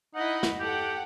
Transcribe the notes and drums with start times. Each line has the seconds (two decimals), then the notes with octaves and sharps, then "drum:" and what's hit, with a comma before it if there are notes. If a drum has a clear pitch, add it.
0.15 D#4 E4 D#5 F#5
0.43 drum: snare
0.60 G4 A4 F#5 G5